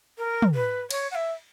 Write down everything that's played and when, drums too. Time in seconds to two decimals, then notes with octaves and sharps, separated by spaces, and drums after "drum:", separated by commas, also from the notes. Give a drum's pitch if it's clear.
0.18 A#4
0.42 drum: tom
0.55 B4
0.91 C#5, drum: cymbal
1.11 F#5
1.15 E5